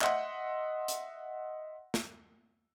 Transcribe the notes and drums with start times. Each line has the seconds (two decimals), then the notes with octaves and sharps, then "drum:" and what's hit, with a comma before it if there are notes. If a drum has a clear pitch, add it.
0.02 D#5 E5 F#5 C6, drum: clap
0.88 drum: hi-hat
1.94 drum: snare